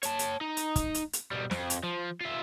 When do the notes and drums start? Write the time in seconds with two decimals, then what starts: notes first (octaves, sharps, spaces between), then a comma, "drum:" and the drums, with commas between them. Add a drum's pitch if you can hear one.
0.03 C#5 A5, drum: hi-hat
0.19 drum: hi-hat
0.41 D#4
0.57 drum: hi-hat
0.76 drum: kick, hi-hat
0.94 drum: hi-hat
1.13 drum: hi-hat
1.31 B2 G3
1.51 F2, drum: snare
1.70 drum: hi-hat
1.83 F3
2.21 F4 E5